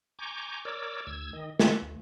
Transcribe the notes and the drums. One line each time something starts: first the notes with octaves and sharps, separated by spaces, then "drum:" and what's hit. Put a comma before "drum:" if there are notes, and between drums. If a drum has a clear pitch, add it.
G#5 A#5 C#6 D6 G6
A#4 C#5 D5 D6 E6
D2 E6 G#6
D#3 D#5
F4 E5 F#5, drum: snare
D2